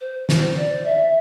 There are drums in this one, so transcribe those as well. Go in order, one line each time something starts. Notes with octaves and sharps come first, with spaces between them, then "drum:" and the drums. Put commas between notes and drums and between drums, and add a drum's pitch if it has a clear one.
C5
C5, drum: snare
D5
E5